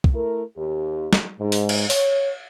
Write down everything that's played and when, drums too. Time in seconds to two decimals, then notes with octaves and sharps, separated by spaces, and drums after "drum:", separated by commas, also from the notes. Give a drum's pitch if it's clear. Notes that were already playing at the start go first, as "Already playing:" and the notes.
0.04 drum: kick
0.14 A3 E4 A#4
0.57 D#2 G4
1.13 drum: snare
1.40 G#2
1.52 drum: open hi-hat
1.69 drum: cymbal
1.90 C#5, drum: open hi-hat